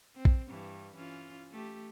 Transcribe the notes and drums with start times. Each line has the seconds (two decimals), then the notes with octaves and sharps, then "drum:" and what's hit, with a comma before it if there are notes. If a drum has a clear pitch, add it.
0.16 C4
0.25 drum: kick A#1
0.48 G2 E3
0.95 E3 C#4 F4
1.51 A3 G4